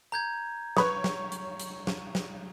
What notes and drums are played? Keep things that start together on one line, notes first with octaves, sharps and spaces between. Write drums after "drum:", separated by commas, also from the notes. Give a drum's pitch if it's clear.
A#5 G6 G#6
B4 C#5 B5 C#6 D#6, drum: snare
drum: snare
drum: hi-hat
drum: hi-hat
drum: snare
drum: snare